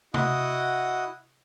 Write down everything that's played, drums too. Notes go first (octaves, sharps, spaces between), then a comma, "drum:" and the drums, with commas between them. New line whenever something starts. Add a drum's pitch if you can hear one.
E4 F#4 D#5 F#5 D#6, drum: tom C3